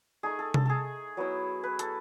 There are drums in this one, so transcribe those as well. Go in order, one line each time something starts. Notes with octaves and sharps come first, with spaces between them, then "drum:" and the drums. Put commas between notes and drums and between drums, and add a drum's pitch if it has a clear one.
A3 D#4 G#4
A4
A4, drum: tom C3
G#4 A4
F#3 B3 E4
B4
A4, drum: hi-hat